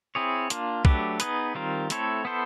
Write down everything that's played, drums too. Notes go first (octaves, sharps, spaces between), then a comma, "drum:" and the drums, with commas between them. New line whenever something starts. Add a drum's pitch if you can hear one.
C4 E4 G#4 C#5
A#3 D4 F4, drum: hi-hat
F#3 A3 D4 G4 B4, drum: kick
B3 D#4 G#4 B4, drum: hi-hat
D#3 G3 C4 F4 A#4
A3 C4 E4 A4 C#5, drum: hi-hat
B3 E4 A4 C5